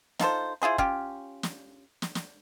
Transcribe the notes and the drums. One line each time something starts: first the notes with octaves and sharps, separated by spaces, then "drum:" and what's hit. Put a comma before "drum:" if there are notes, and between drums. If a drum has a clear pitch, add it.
D#4 F4 A4 C5, drum: snare
E4 F4 G#4 C5
C#4 F4 G4, drum: kick
drum: snare
drum: snare
drum: snare